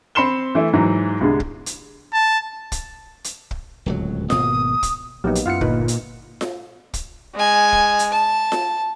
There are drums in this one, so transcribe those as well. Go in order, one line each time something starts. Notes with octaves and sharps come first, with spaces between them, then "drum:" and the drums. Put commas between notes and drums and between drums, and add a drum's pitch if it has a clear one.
C4 B5 C6 C#7 E7 G7
E3 A3 E4
G#2 E3 F#3
C2 D3 G#3
drum: kick
drum: hi-hat
A5
drum: kick, hi-hat
drum: hi-hat
drum: kick
D1 C#2 F#3
G#1 B2 A#3 D#6, drum: snare F4
drum: kick, hi-hat
A#1 F#3 A#3 B3 D#4 G4
drum: hi-hat
F#2 E4 F4 F5 F#5 C#7
G1 A#2 D#4 B4, drum: kick
drum: hi-hat
drum: snare F4
drum: kick, hi-hat
G#3 G#5
drum: kick
drum: hi-hat
A5
drum: snare F4